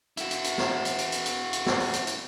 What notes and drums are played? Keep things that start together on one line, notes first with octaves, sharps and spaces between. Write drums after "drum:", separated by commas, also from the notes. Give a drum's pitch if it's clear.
E4 F#4, drum: hi-hat
drum: hi-hat
drum: hi-hat
drum: snare
drum: hi-hat
drum: hi-hat
drum: hi-hat
drum: hi-hat
drum: hi-hat
drum: snare
drum: open hi-hat
drum: hi-hat
drum: hi-hat